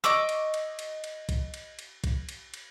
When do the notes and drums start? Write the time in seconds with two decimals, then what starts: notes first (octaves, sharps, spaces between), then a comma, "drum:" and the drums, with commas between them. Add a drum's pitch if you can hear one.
0.04 D#5 C#6 D6 E6, drum: rim click
0.29 drum: cymbal
0.54 drum: cymbal
0.79 drum: cymbal
1.04 drum: cymbal
1.29 drum: kick A#1, cymbal
1.54 drum: cymbal
1.79 drum: cymbal
2.04 drum: kick A#1, cymbal
2.29 drum: cymbal
2.54 drum: cymbal